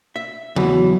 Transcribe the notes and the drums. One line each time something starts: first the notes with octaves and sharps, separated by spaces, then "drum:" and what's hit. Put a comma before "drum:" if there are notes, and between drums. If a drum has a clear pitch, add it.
E5
E2 B2 E3 F#3, drum: tom C#3